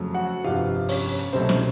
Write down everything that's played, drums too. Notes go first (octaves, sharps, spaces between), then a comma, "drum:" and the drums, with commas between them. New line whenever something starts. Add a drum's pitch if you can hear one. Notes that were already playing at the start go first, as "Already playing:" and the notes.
Already playing: F2 C#3 F#3 A3
F#4 F#5
G1 F2 C3 F4 F5
C#4 C#5, drum: open hi-hat
drum: hi-hat
C2 B2 F#3 A3 C4 C5
drum: snare